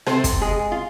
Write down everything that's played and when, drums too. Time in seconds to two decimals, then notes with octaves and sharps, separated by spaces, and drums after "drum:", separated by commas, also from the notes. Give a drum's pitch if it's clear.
0.06 C3 A4 C5, drum: rim click
0.24 drum: kick, hi-hat
0.41 G#3 G#4
0.72 F4